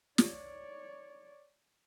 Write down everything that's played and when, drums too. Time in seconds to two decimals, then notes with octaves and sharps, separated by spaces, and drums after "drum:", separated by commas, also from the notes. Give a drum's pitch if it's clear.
0.18 C#5 D5, drum: snare